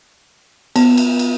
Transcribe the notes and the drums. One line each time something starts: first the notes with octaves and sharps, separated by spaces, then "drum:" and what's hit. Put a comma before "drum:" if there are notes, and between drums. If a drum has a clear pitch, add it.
B3, drum: cymbal
drum: cymbal
drum: cymbal